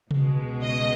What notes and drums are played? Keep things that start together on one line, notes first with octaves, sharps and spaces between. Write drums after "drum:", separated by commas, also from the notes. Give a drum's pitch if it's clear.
C#2 B2 G#3, drum: tom C3
D#5